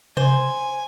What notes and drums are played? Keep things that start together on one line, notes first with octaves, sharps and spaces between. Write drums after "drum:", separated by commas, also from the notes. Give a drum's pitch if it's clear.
C5 G#5, drum: tom C3